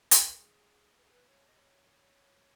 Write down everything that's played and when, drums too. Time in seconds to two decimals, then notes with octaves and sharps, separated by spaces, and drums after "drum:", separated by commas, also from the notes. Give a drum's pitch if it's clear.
0.11 C#5, drum: hi-hat
0.24 B4
0.37 G#4
0.97 B4
1.04 G#4
1.11 B4
1.26 C#5
1.46 D#5
1.57 C#5